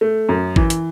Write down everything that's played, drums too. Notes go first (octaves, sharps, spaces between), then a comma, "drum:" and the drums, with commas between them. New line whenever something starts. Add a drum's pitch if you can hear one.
A3
F#2
E3, drum: kick
drum: hi-hat